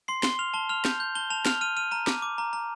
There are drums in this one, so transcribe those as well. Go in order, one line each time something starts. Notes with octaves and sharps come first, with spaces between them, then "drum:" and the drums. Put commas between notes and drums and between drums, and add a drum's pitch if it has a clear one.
C6 C7
C6 G7, drum: snare
F6 F7
A5 G7
F6 F7
G6, drum: snare
G6
A5 G7
A5 F7
F6 F7, drum: snare
F6 D#7
F6 D#7
A#5 D#7
D6, drum: snare
D6
A#5
A#5